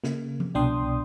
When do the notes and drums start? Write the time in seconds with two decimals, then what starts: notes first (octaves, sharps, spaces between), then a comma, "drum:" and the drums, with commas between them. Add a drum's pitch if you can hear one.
0.04 C#3 A#3, drum: snare
0.40 drum: tom F3
0.54 C2 B2 D4 G5 C6 D#6